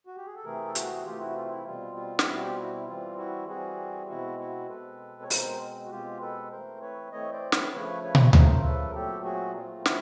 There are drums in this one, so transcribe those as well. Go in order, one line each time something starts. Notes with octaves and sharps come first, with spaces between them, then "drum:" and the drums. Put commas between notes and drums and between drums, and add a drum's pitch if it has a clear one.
F#4
G4
G#4
A4
C3 E3 A3 C4 G#4 A#4
A4
F#4 G#4, drum: hi-hat
C3 E3 A3 C4 F4 G4
E4 F#4
F4
E4
B2 G3 C4 F4
F4
G4, drum: snare
B2 G3 C4 E4 F#4
F4 G4
E4 F#4
E4
E3 G3 C4 F4
E4 F#4
E3 G3 C4 F#4 G#4
B2 G#3 C4 E4 F#4
E4 F#4
B2 G#3 C4 A4 B4
C#5
B2 G#3 C4 A#4 C5, drum: open hi-hat
F#4
B2 G#3 C4 F4 G4
A4 B4
E3 A3 C4 A#4 C5
B4 C#5
E3 A3 C4 C#5 D#5
C5 D5
B4 C#5, drum: snare
C#3 F3 A3 B4 C#5
B4 C#5
drum: tom
C#3 F3 A3 A#4 C5, drum: tom D2
A4 B4
A#4
A#2 F#3 A3 C4 G4 A4
F#4 G#4
A#2 F#3 A3 C4 F4
E4, drum: snare